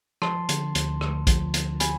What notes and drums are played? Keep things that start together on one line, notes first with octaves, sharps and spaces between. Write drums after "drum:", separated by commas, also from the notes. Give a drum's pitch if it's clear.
F3 A5 C6, drum: rim click
D3, drum: hi-hat
D2, drum: hi-hat
D2, drum: rim click
F3, drum: kick A#1, hi-hat
D3, drum: hi-hat
G#5 B5, drum: hi-hat